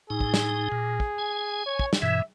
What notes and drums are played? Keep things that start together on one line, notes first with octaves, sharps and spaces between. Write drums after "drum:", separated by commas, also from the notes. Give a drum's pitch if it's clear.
A2 D#4 G#4
drum: kick
drum: snare
A#2
drum: kick
G#5
C#5
drum: kick
drum: snare
G2 B2 E3 E5